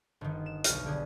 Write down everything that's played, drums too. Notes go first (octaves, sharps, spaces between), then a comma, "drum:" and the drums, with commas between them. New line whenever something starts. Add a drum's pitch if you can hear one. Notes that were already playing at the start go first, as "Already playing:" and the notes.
G1 D#3
E7
B1 F6, drum: hi-hat
D3 G4 G#4